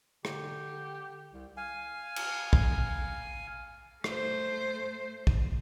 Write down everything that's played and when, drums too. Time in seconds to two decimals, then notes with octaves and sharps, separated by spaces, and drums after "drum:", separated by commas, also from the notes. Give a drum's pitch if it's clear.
0.25 D3 G4, drum: rim click
1.33 C2
1.57 F5 G#5
2.16 drum: cymbal
2.53 drum: kick A#1
4.04 A3 C5, drum: rim click
5.27 drum: kick A#1